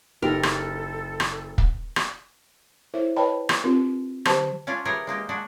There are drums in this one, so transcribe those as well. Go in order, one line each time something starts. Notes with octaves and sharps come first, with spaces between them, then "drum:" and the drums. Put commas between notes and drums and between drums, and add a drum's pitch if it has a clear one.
F#1 D#4 G4 A4 A#4
drum: rim click
drum: rim click
drum: kick
drum: rim click
E4 A4 A#4 C5 C#5 E5
B4 C#5 D#5 G5 A5 B5
drum: rim click
C4 D4 F4 G4 A#4
D3 F#3 G4 C5 A5, drum: rim click
C#4 D4 F4
E3 G4 G#4 A#4 C#5
G#3 A#3 D#4 G4
G#3 D4 F#4